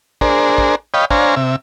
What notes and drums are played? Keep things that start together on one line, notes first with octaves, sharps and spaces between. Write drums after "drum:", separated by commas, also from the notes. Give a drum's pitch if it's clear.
D4 G#4 A#4 C5, drum: kick
drum: kick
C#5 D#5 F5 G5 B5
D4 C5 C#5 F5 G#5 A#5, drum: kick
C3 E5